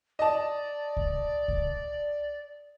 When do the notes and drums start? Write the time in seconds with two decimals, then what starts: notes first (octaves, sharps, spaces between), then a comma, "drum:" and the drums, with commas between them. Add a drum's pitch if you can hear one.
0.19 D5 D#5 A5
0.97 drum: kick C2
1.48 drum: kick C2